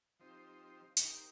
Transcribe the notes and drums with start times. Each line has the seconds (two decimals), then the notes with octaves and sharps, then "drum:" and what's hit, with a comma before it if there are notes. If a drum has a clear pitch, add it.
0.20 F3 C4 D#4 G4 C5
0.97 A#3 D#4 G4 C5, drum: hi-hat